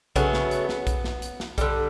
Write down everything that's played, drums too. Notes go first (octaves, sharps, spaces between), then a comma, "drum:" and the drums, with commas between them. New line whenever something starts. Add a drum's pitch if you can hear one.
C#3 F#3 A3 B3, drum: kick B1, hi-hat
drum: snare
drum: hi-hat
drum: snare
drum: kick B1, hi-hat
drum: snare
drum: hi-hat
drum: snare
D3 G3, drum: kick B1, hi-hat